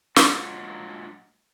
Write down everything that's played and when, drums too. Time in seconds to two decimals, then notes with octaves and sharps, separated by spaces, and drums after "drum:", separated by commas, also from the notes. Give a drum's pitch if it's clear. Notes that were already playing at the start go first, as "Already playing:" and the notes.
0.16 A#2 F#3 G#3 D4 F4 F#5, drum: snare